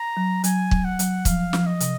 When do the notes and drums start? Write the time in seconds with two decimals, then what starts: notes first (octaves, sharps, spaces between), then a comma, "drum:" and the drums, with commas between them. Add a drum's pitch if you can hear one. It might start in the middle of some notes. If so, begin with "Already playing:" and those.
Already playing: A#5
0.17 F#3
0.44 F#3 G#5, drum: hi-hat
0.71 F#3, drum: kick
0.84 F#5
0.99 F#3, drum: hi-hat
1.25 F3 F5, drum: kick, hi-hat
1.53 F3, drum: snare
1.66 D#5
1.80 C3, drum: hi-hat